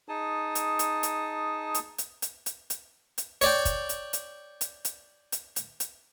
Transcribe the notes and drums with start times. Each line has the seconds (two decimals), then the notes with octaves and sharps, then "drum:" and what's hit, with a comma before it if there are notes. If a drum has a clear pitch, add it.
0.09 D#4 G#4 A5 D#6
0.55 drum: hi-hat
0.79 drum: hi-hat
1.03 drum: hi-hat
1.74 drum: hi-hat
1.98 drum: hi-hat
2.22 drum: hi-hat
2.46 drum: hi-hat
2.70 drum: hi-hat
3.18 drum: hi-hat
3.41 C#5 D5 G5, drum: hi-hat
3.65 drum: kick, hi-hat
3.89 drum: hi-hat
4.13 drum: hi-hat
4.61 drum: hi-hat
4.85 drum: hi-hat
5.32 drum: hi-hat
5.56 drum: hi-hat
5.80 drum: hi-hat